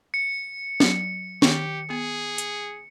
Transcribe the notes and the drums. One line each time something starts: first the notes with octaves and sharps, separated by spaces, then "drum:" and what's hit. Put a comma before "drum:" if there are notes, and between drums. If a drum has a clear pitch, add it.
C#7
F#3, drum: snare
D#3 G4, drum: snare
B3 G#4
drum: hi-hat